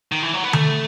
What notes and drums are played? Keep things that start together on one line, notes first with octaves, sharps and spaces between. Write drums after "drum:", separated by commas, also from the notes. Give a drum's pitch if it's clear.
D#3
E3
F#3
B3
A3, drum: tom D3